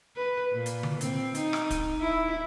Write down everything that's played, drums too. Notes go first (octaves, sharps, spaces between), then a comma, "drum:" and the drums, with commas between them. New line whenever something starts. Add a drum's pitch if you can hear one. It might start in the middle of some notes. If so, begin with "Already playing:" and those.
B4
A#2
drum: hi-hat
drum: tom D3
C4, drum: hi-hat
D#4, drum: hi-hat
drum: rim click
drum: kick, hi-hat
E4